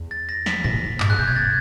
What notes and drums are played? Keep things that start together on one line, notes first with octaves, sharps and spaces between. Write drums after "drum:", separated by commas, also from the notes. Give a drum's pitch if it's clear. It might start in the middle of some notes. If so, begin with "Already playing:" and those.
Already playing: E2
A6
A#6
B6, drum: snare
A#2 A#6, drum: tom G#2
G2, drum: clap
G#2 F#6
C3 G6
B2 G#6
A#2 A6